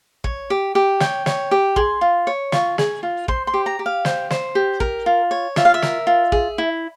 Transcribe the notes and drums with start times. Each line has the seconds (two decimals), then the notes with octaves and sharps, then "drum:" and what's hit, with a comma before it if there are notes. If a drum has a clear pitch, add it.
0.24 C#5, drum: kick
0.50 G4
0.75 G4
1.00 C#5 G5, drum: snare
1.26 C#5, drum: snare
1.51 G4
1.76 G#4 C6, drum: kick
2.01 F4
2.27 C#5
2.52 F4 C#6, drum: snare
2.78 G#4, drum: snare
3.03 F4
3.28 C5 C6, drum: kick
3.47 C6
3.54 G4
3.66 A#5
3.79 G4
3.86 F5
4.05 C5, drum: snare
4.30 C5, drum: snare
4.55 G4
4.80 A#4, drum: kick
5.06 F4
5.31 C#5
5.56 F4 E5, drum: snare
5.65 F5
5.74 E5
5.82 A#4, drum: snare
6.07 F4
6.32 G#4, drum: kick
6.58 E4